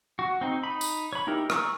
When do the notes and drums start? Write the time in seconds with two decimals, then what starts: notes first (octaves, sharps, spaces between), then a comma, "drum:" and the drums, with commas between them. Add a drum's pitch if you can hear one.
0.19 F#4
0.41 C4 D#4
0.63 D#4 B5
0.81 drum: tambourine
1.13 C#5 B5
1.27 D#4 E4 G4 A#4
1.50 G#4 A#5 C#6 E6 F6, drum: rim click